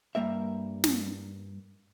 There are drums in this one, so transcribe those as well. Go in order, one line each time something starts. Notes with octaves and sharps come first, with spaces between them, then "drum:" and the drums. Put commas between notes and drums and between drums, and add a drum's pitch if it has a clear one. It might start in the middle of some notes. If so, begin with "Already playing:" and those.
G2 G3 A#3 A#4 E5
drum: snare